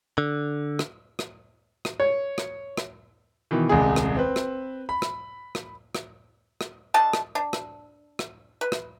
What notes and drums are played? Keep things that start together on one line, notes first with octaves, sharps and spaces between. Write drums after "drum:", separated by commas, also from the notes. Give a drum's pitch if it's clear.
D3
drum: rim click
drum: rim click
drum: rim click
C#5
drum: rim click
drum: rim click
B2 D#3 E3
D#1 C2 G#3 G#4
drum: rim click
C4 B4
drum: rim click
B5
drum: rim click
drum: rim click
drum: rim click
drum: rim click
D3 D#5 A5
drum: rim click
D4
drum: rim click
drum: rim click
B4
drum: rim click